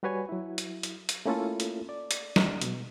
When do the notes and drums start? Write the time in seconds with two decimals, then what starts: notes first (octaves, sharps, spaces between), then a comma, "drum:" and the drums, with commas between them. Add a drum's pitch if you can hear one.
0.03 G3 F#4 B4 C#5 G#5
0.29 F#3 E4
0.58 drum: hi-hat
0.83 drum: hi-hat
1.09 drum: hi-hat
1.26 A3 A#3 C#4 E4 F4 A4
1.60 drum: hi-hat
1.89 D5
2.11 drum: hi-hat
2.36 drum: snare
2.61 B2, drum: hi-hat